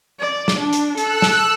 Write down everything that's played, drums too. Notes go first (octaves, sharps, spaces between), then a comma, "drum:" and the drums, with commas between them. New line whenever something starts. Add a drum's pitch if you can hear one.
D5
drum: snare
D4
drum: hi-hat
A4 E6 F#6, drum: hi-hat
drum: snare